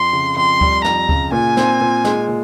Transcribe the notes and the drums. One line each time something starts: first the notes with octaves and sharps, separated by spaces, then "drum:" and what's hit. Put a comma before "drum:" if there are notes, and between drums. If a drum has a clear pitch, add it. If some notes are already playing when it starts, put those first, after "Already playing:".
Already playing: F2 C6
C#3
F2 C6
G3, drum: kick D2
F2 A#5, drum: snare
C#3, drum: kick D2
A#2 G#5
C4, drum: snare
A#2
G#3, drum: snare
A#2